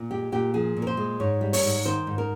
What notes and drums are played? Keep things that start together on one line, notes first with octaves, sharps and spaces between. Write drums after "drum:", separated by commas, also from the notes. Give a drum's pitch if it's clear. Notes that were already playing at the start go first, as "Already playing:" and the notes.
Already playing: A#2
G#3 G4
A#2 G4
F3 G#4
A#2
A#4
C5
G#3
G#2 C#5
G3
C#5, drum: open hi-hat
G#2
D#3 C5
G#2
A#4